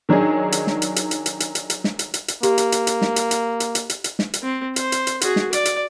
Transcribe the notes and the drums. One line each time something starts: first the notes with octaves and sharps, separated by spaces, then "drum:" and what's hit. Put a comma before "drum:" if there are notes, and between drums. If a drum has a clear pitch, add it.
D#3 F#3 D4 D#4 G#4
drum: hi-hat
drum: snare
drum: hi-hat
drum: hi-hat
drum: hi-hat
drum: hi-hat
drum: hi-hat
drum: hi-hat
drum: hi-hat
drum: snare
drum: hi-hat
drum: hi-hat
drum: hi-hat
A#3 G4, drum: hi-hat
drum: hi-hat
drum: hi-hat
drum: hi-hat
drum: snare
drum: hi-hat
drum: hi-hat
drum: hi-hat
drum: hi-hat
drum: hi-hat
drum: hi-hat
drum: snare
drum: hi-hat
C4
C5, drum: hi-hat
drum: hi-hat
drum: hi-hat
F#4 G#4, drum: hi-hat
drum: snare
D5, drum: hi-hat
drum: hi-hat